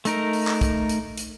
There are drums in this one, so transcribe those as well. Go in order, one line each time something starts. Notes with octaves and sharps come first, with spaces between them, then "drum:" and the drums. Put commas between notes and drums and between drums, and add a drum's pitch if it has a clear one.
A3 D#4 A#4, drum: hi-hat
drum: open hi-hat
drum: clap
drum: kick, hi-hat
drum: hi-hat
drum: hi-hat